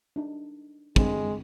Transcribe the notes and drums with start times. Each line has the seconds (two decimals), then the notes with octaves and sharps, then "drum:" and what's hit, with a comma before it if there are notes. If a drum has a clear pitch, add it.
0.16 D4 D#4
0.96 D3 G#3 C4, drum: kick